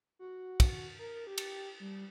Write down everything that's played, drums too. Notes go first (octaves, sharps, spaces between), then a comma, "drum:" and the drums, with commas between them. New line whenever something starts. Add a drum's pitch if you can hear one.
F#4
drum: kick, cymbal
A#4
G4
drum: cymbal
G3